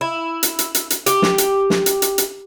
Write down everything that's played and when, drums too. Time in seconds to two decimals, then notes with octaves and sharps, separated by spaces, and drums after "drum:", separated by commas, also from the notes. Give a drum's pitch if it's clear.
0.01 E4
0.43 drum: hi-hat
0.59 drum: hi-hat
0.75 drum: hi-hat
0.90 drum: hi-hat
1.06 G4, drum: hi-hat
1.22 drum: snare
1.38 drum: hi-hat
1.70 drum: snare
1.86 drum: hi-hat
2.02 drum: hi-hat
2.18 drum: hi-hat